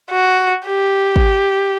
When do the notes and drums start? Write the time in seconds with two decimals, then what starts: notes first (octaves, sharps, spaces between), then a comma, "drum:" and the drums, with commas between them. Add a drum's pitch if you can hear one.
0.11 F#4
0.66 G4
1.16 drum: kick